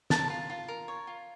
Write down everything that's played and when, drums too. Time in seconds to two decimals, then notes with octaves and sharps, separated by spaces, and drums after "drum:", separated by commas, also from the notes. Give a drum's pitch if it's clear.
0.10 A#4 A5, drum: snare
0.30 F4
0.50 F4
0.68 A#4
0.88 C#5
1.07 F4